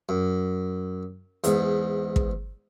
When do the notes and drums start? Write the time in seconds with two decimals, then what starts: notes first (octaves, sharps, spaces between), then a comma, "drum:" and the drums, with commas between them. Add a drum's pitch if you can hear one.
0.09 F#2
1.44 E2 G#2, drum: hi-hat
2.16 drum: kick